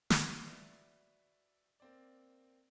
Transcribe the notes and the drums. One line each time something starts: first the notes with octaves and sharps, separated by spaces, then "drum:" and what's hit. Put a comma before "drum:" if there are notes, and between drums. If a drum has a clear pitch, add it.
drum: snare
G#3
F#4 B4 D5 E5
A#3 C4 D5